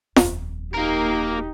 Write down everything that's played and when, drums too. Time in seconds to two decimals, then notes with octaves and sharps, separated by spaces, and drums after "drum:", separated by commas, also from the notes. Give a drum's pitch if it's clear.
0.16 D#1 F2, drum: snare F4
0.74 A#3 D#4 G4 A#4